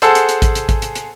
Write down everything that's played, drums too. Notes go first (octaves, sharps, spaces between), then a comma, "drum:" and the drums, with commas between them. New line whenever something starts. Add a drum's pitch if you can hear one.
G#4 A4 C5 F#5 A5 E6, drum: hi-hat
drum: hi-hat
drum: hi-hat
drum: kick A1, hi-hat
drum: hi-hat
drum: kick A1, hi-hat
drum: hi-hat
drum: hi-hat